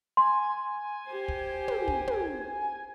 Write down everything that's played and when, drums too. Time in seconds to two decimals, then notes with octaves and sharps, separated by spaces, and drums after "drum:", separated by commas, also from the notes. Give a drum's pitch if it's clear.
0.17 G#5 C6
1.09 G4 C5
1.28 drum: kick
1.68 drum: tom
1.88 drum: kick
2.07 drum: tom